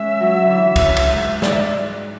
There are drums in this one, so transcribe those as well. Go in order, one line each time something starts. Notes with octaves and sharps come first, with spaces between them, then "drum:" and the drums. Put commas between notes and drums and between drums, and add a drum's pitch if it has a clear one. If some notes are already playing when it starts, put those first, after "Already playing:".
Already playing: G#3 C#4 E5
F#3
D3 E3
C#3, drum: kick, cymbal
D3
drum: cymbal
G#2
D5, drum: snare
E5
D5